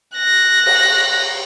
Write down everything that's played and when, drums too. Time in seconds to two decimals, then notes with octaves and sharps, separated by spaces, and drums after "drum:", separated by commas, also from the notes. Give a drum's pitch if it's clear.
0.17 F#6 A#6
0.66 drum: cymbal